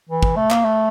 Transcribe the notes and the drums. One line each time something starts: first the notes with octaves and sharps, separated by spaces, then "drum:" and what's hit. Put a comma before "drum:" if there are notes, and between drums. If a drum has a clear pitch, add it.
E3
drum: kick
A3
A#3, drum: clap
A3